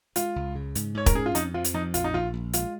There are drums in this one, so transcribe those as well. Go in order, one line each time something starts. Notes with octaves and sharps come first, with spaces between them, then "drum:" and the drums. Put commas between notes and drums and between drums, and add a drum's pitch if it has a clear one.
G#3 F4, drum: hi-hat
C#2
C#3
G#2, drum: hi-hat
G#2 C#5
A#4, drum: kick E1, hi-hat
C#4 G#4
F4
F2 D#4, drum: hi-hat
F3 F4
drum: hi-hat
F2 D#4
A#1 F4, drum: hi-hat
D#4
A#1 F4
A#1
G#3 F4, drum: hi-hat